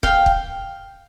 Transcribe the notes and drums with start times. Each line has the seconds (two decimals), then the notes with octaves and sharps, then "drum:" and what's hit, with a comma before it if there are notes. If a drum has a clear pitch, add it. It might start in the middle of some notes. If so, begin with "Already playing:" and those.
0.03 F5 G5, drum: kick
0.26 drum: kick